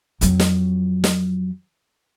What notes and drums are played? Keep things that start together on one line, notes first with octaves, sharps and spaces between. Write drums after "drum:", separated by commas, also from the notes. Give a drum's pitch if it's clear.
F2 F#3, drum: hi-hat
drum: snare
drum: snare